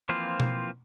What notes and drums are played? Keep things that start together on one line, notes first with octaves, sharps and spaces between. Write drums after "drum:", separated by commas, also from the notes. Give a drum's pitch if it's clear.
E3 F3 A#3 C4 F4
drum: tom B2